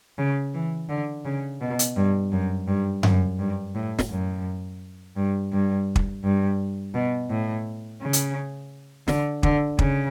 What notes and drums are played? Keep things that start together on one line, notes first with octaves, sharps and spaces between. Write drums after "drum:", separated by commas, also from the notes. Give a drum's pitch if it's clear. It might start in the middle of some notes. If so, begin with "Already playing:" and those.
C#3
E3
D3
C#3
B2
drum: hi-hat
G2
F#2
G2
F#2, drum: tom F#2
G2
A2
drum: snare
F#2
G2
G2
drum: kick
G2
B2
A2
C#3
drum: hi-hat
D3, drum: snare
D3, drum: kick
C#3, drum: kick